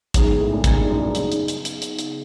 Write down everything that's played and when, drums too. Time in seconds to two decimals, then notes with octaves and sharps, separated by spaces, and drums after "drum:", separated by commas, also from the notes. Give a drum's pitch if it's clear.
0.14 G#2 C#3 F#3 B3 D#4 G#4, drum: kick, hi-hat
0.39 A2
0.53 A#2
0.64 A2 C#3 F#3 B3 D#4 G#4, drum: kick, hi-hat
0.77 G2
0.89 F#2
1.02 G2
1.15 C#3 F#3 B3 D#4 G#4, drum: hi-hat
1.32 drum: hi-hat
1.48 drum: hi-hat
1.65 drum: hi-hat
1.82 drum: hi-hat
1.99 drum: hi-hat